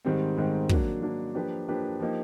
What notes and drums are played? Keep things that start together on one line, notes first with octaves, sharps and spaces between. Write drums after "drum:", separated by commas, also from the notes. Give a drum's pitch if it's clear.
G#2 D#3 G3 C4
G#2 D#3 G3 C4
F#3 A#3 D4, drum: kick
F#3 A#3 D4
F3 A#3 D4 G4 B4
F3 A#3 D4 G4 B4
F3 A#3 D#4 G4